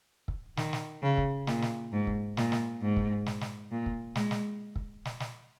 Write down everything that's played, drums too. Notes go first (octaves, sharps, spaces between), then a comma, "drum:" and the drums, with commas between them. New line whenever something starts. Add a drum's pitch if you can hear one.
drum: kick
D#3, drum: snare
drum: snare
C#3
drum: kick
A#2, drum: snare
drum: snare
G#2
drum: kick
A#2, drum: snare
drum: snare
G#2
drum: kick
drum: snare
drum: snare
A#2
drum: kick
G#3, drum: snare
drum: snare
drum: kick
drum: snare
drum: snare